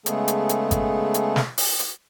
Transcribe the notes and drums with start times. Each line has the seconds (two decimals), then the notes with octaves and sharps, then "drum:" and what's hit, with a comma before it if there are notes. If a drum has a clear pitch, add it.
0.06 C#3 G#3 A3 B3 G#4 A4, drum: hi-hat
0.28 drum: hi-hat
0.49 drum: hi-hat
0.71 drum: kick G#1, hi-hat
1.14 drum: hi-hat
1.36 drum: snare
1.58 drum: open hi-hat
1.79 drum: hi-hat